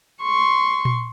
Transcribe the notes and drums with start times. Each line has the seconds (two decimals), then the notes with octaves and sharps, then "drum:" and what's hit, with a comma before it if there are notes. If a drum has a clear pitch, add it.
0.23 C6 C#6
0.85 drum: tom A#2